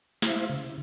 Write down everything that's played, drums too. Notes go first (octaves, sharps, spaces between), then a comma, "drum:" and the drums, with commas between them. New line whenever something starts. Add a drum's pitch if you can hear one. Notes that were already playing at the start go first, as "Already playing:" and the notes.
E4 C5 E5 F5, drum: snare
C#3